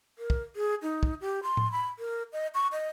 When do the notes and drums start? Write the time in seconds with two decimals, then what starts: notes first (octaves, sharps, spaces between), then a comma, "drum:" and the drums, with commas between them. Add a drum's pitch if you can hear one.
0.18 A#4
0.30 drum: kick
0.56 G#4
0.82 D#4
1.03 drum: kick
1.21 G4
1.43 C6
1.57 drum: tom A2
1.72 B5
1.99 A#4
2.33 D#5
2.55 C#6
2.72 D#5